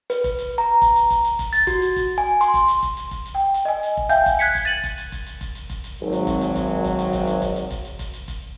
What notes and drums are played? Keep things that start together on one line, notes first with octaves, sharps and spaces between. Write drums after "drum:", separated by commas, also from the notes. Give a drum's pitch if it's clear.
B4, drum: hi-hat
drum: kick F1, hi-hat
drum: hi-hat
A#5
drum: kick F1, hi-hat
drum: hi-hat
drum: kick F1, hi-hat
drum: hi-hat
drum: kick F1, hi-hat
A6, drum: hi-hat
F#4, drum: kick F1, hi-hat
drum: hi-hat
drum: kick F1, hi-hat
G#5
C6, drum: hi-hat
drum: kick F1, hi-hat
drum: hi-hat
drum: kick F1, hi-hat
drum: hi-hat
drum: kick F1, hi-hat
drum: hi-hat
G5
drum: hi-hat
D#5 G#5
drum: hi-hat
drum: kick F1
E5 F5 G5 G#5 G6, drum: hi-hat
drum: kick F1, hi-hat
F#6 G#6 B6 C#7, drum: hi-hat
drum: kick F1, hi-hat
A6 D#7 F#7
drum: kick F1, hi-hat
drum: hi-hat
drum: kick F1, hi-hat
drum: hi-hat
drum: kick F1, hi-hat
drum: hi-hat
drum: kick F1, hi-hat
drum: hi-hat
G#1 F#3
drum: hi-hat
drum: kick F1, hi-hat
drum: hi-hat
drum: kick F1, hi-hat
drum: kick F1, hi-hat
drum: hi-hat
drum: kick F1, hi-hat
drum: hi-hat
drum: kick F1, hi-hat
drum: hi-hat
drum: kick F1, hi-hat
drum: hi-hat
drum: kick F1, hi-hat
drum: hi-hat
drum: kick F1, hi-hat